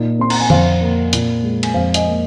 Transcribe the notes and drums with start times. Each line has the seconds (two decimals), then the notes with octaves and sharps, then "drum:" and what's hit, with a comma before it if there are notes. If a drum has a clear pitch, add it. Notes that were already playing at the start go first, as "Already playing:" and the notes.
Already playing: A#2 D#4
0.19 C4 C6
0.30 A#5, drum: cymbal
0.40 G#5
0.50 F2 C5 F5, drum: tom D3
0.81 A#3
1.13 A#2, drum: hi-hat
1.43 G#3
1.63 G#5, drum: cymbal
1.74 F2 C5 F5
1.94 D#5 G#5, drum: hi-hat
2.06 A#3